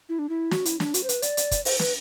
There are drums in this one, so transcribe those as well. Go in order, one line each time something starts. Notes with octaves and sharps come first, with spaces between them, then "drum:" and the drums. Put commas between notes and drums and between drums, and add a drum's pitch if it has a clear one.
E4
D4
E4
F#4, drum: snare
E4, drum: hi-hat
D4, drum: snare
F#4, drum: hi-hat
C5
B4, drum: hi-hat
D5, drum: hi-hat
drum: hi-hat
drum: kick, hi-hat
C5, drum: open hi-hat
B4, drum: snare